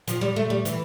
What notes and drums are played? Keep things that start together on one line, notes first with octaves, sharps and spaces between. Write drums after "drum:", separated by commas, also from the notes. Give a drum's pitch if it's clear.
F3, drum: hi-hat
G3
A3
G3
E3, drum: hi-hat